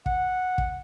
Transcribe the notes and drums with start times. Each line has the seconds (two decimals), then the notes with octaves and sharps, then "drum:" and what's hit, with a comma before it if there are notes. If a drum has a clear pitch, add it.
0.06 F#5, drum: kick
0.58 drum: kick